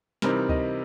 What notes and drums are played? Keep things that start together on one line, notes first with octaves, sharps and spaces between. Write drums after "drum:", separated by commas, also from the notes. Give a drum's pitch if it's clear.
C3 E3 G3 C4 D#4 A#4, drum: snare
D#5, drum: kick C#2